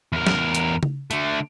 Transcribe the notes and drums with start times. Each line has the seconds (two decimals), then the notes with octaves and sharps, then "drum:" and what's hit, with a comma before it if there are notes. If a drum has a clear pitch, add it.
0.12 E2 A#4
0.27 drum: snare
0.55 drum: hi-hat
0.83 drum: tom C#3
1.11 D3 A3, drum: hi-hat